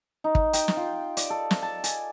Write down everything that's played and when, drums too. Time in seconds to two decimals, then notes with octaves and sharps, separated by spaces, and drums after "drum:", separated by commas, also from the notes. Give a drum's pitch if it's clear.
0.24 D#4
0.35 drum: kick
0.53 G5, drum: hi-hat
0.68 drum: snare
0.77 F4
1.17 D5, drum: hi-hat
1.30 A4
1.51 drum: snare
1.63 A5
1.84 G#5, drum: hi-hat